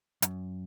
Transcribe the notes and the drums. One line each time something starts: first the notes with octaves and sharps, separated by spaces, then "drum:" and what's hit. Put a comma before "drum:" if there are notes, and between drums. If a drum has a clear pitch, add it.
F#2, drum: hi-hat